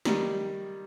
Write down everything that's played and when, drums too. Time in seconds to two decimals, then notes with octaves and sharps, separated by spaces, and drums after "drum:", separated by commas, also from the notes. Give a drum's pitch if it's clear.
0.05 D#3 G3, drum: snare